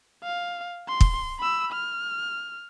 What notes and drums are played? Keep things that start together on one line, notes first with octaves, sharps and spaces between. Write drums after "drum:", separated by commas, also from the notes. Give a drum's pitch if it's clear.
F5
C6
drum: kick
B5 E6
F6